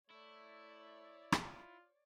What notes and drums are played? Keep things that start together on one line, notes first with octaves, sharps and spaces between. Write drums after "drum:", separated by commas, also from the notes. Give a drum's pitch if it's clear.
A3 E4 C#5 D5
F4, drum: rim click